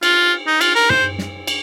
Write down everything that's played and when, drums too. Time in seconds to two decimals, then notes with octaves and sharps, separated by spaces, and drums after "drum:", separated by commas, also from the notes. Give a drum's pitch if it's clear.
0.03 F4, drum: cymbal
0.47 D#4
0.61 F4, drum: cymbal
0.75 A#4
0.90 C5, drum: tom
1.19 drum: snare
1.47 drum: cymbal